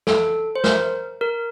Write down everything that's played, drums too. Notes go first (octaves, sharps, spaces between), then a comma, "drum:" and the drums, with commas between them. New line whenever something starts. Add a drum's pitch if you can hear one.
A4, drum: snare
C5
A#4, drum: snare
A#4